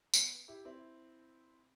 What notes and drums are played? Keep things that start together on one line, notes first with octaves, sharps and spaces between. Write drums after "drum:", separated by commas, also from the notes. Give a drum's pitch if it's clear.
B3, drum: tambourine
E4 G4
C4 E4